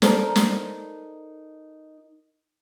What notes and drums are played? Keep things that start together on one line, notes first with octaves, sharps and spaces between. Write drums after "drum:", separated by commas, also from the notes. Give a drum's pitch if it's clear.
D#4 A4 A#4 C5 D5, drum: snare
drum: snare